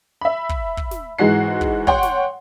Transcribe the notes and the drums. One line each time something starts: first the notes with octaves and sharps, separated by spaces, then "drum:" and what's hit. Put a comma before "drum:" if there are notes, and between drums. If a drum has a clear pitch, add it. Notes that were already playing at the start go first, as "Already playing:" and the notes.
E5 B5
drum: kick
drum: kick
drum: snare
G#2 E3 G#3 F#4 C7
drum: kick
C#5 F#5 G5 C6, drum: kick
drum: snare